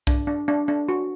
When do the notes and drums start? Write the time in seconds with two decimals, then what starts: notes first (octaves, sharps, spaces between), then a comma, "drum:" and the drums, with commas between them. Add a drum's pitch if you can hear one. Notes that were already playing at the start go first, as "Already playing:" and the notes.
0.07 D4, drum: kick
0.27 D4
0.48 D4
0.68 D4
0.89 F#4